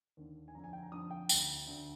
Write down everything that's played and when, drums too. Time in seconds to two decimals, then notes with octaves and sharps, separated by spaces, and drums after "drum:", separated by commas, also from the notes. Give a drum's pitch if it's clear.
0.17 D#2 D3
0.48 G#5
0.55 F2 D3 A#5
0.64 G#5
0.73 G5
0.83 A#5
0.92 F2 D3 D#6
1.11 G5
1.29 D2 D3 G5, drum: tambourine
1.67 D2 D3